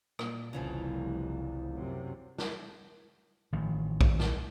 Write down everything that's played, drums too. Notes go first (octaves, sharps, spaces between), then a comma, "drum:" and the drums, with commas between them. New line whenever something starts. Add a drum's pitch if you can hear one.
A#2, drum: rim click
F1 C2 C#3 E3 F3
F#2 C3
drum: snare
A1 D#3 F3
drum: kick A#1
drum: snare